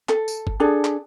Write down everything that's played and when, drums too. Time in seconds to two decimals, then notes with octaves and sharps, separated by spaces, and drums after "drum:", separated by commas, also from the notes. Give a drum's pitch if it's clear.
0.09 A4, drum: clap
0.28 drum: tambourine
0.47 drum: kick
0.60 D4 G#4 A4
0.85 drum: clap